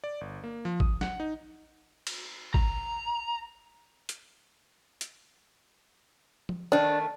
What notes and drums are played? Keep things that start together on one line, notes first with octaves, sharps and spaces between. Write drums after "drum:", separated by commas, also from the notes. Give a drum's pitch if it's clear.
D5
G1
A#3
F3
D#6, drum: kick
F#5, drum: snare
D#4
drum: cymbal
A#5, drum: kick
drum: hi-hat
drum: hi-hat
drum: tom F3
D#3 A3 D4